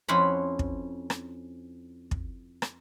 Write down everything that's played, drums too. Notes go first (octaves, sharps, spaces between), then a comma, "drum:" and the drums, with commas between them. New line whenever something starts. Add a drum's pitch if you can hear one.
F2 C#4 E4 C5 F#5 B5
drum: kick
drum: rim click
drum: kick
drum: rim click